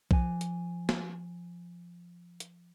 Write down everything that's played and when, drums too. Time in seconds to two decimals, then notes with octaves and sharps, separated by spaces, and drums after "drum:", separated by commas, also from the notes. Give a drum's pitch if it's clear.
0.11 F3 G#5, drum: kick B1
0.41 drum: hi-hat
0.89 drum: snare
2.40 drum: hi-hat